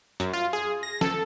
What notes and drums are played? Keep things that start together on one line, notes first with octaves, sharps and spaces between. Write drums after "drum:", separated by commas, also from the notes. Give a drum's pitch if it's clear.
F#2, drum: hi-hat
F4
G#4
A#6
A4, drum: snare